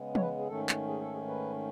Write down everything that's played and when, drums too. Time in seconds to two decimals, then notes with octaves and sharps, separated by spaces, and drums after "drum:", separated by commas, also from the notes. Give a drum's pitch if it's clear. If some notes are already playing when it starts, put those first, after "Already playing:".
Already playing: C#3 G#3 B3
0.15 C#5, drum: tom
0.21 B4
0.39 G#4
0.47 G#2 D#3 A3 C#4 A4
0.69 drum: clap
0.88 G#4
1.01 A4
1.14 G#4
1.28 B4